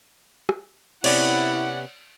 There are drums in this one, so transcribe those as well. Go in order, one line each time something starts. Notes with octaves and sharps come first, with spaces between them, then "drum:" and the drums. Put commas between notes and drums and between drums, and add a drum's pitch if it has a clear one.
drum: rim click
C3 B3 C#4 E4 C#5 D5 F#5, drum: cymbal